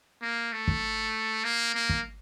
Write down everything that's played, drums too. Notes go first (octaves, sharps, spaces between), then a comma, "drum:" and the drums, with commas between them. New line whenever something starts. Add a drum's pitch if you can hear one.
A#3
A3
drum: kick
A#3
A#3
drum: kick